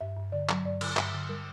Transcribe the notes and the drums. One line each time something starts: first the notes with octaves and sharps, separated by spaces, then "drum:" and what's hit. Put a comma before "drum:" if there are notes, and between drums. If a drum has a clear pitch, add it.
G2 E5
G2
D3 D5
F#3, drum: clap
G2 D5
D3, drum: cymbal
G2 E5, drum: clap
D3
G3 A#4